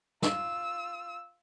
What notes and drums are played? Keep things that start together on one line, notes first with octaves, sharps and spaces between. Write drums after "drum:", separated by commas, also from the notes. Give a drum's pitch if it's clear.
F4 E6, drum: snare